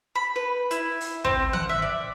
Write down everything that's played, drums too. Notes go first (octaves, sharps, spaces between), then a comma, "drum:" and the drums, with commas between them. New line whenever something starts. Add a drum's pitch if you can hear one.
B5
B4
E4, drum: hi-hat
drum: open hi-hat
C4, drum: kick
F#5, drum: tom D#3
E5
D5